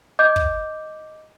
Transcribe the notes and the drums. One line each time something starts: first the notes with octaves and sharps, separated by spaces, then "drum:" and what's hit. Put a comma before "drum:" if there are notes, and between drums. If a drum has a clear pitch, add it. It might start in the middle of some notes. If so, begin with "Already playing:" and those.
D#5 D6 G6
drum: kick